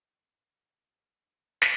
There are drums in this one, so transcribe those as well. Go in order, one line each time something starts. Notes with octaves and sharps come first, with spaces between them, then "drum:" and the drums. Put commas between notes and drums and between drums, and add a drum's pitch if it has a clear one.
G#6 C7
F#6 A#6
F6 G#6
F#6
F6
F#6
F6 G#6
F#6
drum: snare